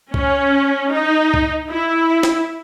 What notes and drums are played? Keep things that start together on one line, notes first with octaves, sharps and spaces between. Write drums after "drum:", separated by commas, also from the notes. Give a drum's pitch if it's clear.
C#4, drum: kick
D#4
drum: kick
E4
drum: snare